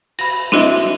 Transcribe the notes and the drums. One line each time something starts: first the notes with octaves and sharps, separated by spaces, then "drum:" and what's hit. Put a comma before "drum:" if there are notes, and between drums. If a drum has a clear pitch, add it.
B5 A#6, drum: cymbal
C4 D4 E4 F#4 D#5 E5, drum: snare